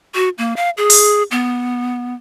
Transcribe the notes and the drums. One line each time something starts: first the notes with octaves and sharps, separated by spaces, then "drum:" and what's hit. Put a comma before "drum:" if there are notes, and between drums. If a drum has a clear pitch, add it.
F#4
A#3
F5
G#4
drum: open hi-hat
B3